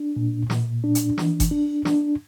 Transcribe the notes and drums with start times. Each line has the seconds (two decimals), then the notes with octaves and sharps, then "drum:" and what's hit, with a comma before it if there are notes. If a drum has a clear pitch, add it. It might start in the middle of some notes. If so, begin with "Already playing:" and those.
Already playing: D4
0.16 A#2
0.50 A#2, drum: snare
0.84 D4
0.95 drum: hi-hat
1.18 E3, drum: snare
1.40 drum: kick G1, hi-hat
1.51 D4
1.85 D4, drum: snare